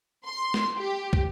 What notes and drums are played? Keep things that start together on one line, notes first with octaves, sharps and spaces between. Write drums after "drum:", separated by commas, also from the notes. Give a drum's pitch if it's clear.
C6
drum: snare
G4
drum: kick